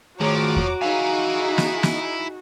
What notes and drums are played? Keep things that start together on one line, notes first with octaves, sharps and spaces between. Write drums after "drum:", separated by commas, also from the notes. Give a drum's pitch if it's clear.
D#3 F3 A3 F#4 G#4 C#5 A#5 D6
drum: kick E2
D#4 E4 G#4 F5 G#5
drum: snare
drum: snare